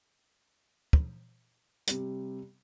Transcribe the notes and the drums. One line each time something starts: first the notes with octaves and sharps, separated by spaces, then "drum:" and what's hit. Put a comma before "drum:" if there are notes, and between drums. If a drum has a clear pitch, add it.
drum: kick
C3 G3, drum: hi-hat